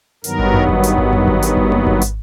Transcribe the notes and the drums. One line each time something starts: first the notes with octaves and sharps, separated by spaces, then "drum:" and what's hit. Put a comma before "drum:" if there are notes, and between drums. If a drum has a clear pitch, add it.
G2 D#3 F#3 B3 A#4, drum: hi-hat
drum: kick G#1
drum: tom F#2
drum: kick G#1
drum: hi-hat
drum: kick G#1
drum: tom F#2
drum: kick G#1
drum: hi-hat
drum: kick G#1
drum: tom A#3
drum: kick G#1
drum: hi-hat